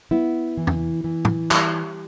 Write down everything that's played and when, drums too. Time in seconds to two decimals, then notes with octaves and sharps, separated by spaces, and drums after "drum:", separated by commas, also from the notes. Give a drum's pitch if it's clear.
0.11 B3 E4
0.57 E3
0.67 drum: tom
1.04 E3
1.25 drum: tom
1.51 G3, drum: clap